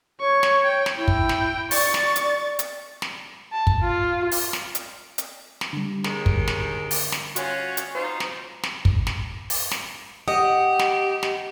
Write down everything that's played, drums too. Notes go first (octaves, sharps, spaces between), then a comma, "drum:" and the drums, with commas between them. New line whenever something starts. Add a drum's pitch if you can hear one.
C#5 C#6
drum: snare
G5
drum: snare
E4 G5
drum: kick
drum: snare
D5 C#6 A6, drum: open hi-hat
drum: snare
drum: hi-hat
drum: hi-hat
drum: snare
A5
drum: kick
F4
drum: open hi-hat
drum: snare
drum: hi-hat
drum: hi-hat
drum: snare
D3 G3
D#2 D#3 G#3, drum: snare
drum: kick
drum: snare
drum: open hi-hat
drum: snare
C#4 F4 F#4, drum: hi-hat
drum: hi-hat
D#4 F4 C5
drum: snare
drum: snare
drum: kick
drum: snare
drum: open hi-hat
drum: snare
G4 D#5 F#5 D#6
drum: snare
drum: snare